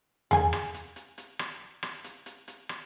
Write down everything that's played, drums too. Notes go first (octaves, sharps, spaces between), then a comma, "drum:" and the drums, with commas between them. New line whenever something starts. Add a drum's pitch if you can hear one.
G#4 G#5, drum: tom E2
drum: rim click
drum: hi-hat
drum: hi-hat
drum: hi-hat
drum: rim click
drum: rim click
drum: hi-hat
drum: hi-hat
drum: hi-hat
drum: rim click